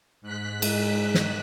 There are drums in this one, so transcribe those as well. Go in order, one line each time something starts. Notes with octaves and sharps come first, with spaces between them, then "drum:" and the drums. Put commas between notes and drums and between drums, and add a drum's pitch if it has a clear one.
G#2 F#6 B6
G#3, drum: cymbal
drum: snare